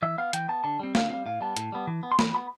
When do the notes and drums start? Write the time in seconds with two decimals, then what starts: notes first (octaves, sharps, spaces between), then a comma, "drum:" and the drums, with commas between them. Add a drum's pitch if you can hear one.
0.02 E3 E5
0.18 B3 F5
0.33 E3 G5, drum: hi-hat
0.48 B3 A5
0.64 D3 A5
0.79 G3 C4
0.95 D3 F5, drum: snare
1.10 G3 C4 F5
1.26 A2 F5
1.41 G3 B3 A5
1.57 A2, drum: hi-hat
1.72 G3 B3
1.87 E3
2.03 B3
2.12 C6
2.19 E3 B5, drum: snare
2.34 B3 B5